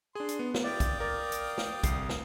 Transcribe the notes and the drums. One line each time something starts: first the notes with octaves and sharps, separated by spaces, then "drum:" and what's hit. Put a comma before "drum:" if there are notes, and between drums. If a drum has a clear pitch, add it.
D4 G#4 C6
drum: hi-hat
B3
drum: snare
E4 D5 F5 G5 D#6
drum: kick, hi-hat
A#4 D5
drum: hi-hat
drum: snare
C2 C7, drum: kick, hi-hat
drum: snare